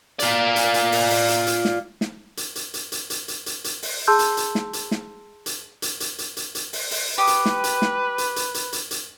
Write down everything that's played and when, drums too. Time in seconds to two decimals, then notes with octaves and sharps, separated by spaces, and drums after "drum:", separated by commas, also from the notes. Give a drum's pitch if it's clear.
0.20 F4 D5, drum: hi-hat
0.56 drum: hi-hat
0.74 drum: hi-hat
0.92 drum: open hi-hat
1.10 drum: open hi-hat
1.28 drum: hi-hat
1.47 drum: hi-hat
1.65 drum: snare
2.01 drum: snare
2.37 drum: hi-hat
2.55 drum: hi-hat
2.74 drum: hi-hat
2.92 drum: hi-hat
3.10 drum: hi-hat
3.28 drum: hi-hat
3.46 drum: hi-hat
3.64 drum: hi-hat
3.83 drum: open hi-hat
4.07 G#4 A5 C6 E6 G6
4.19 drum: hi-hat
4.37 drum: hi-hat
4.55 drum: snare
4.73 drum: hi-hat
4.91 drum: snare
5.46 drum: hi-hat
5.82 drum: hi-hat
6.00 drum: hi-hat
6.18 drum: hi-hat
6.37 drum: hi-hat
6.55 drum: hi-hat
6.73 drum: open hi-hat
6.91 drum: open hi-hat
7.18 G4 B4 D#6
7.27 drum: hi-hat
7.45 drum: snare
7.64 drum: hi-hat
7.82 drum: snare
8.18 drum: hi-hat
8.36 drum: hi-hat
8.54 drum: hi-hat
8.73 drum: hi-hat
8.91 drum: hi-hat